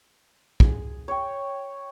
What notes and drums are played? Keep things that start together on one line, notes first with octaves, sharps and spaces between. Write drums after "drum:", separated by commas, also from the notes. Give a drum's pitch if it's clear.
G#4, drum: kick
C#5 G5